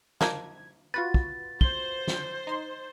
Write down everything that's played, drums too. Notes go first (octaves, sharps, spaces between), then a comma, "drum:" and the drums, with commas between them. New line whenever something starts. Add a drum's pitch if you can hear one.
A#3 D4 D#4 G#6, drum: snare
F4 F#4 B4 A6
drum: kick
C5 G7, drum: kick
drum: snare
D#4 C6